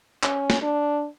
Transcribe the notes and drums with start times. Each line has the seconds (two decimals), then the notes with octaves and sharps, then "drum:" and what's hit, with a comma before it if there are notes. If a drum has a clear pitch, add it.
0.23 C#4, drum: clap
0.50 drum: snare
0.62 D4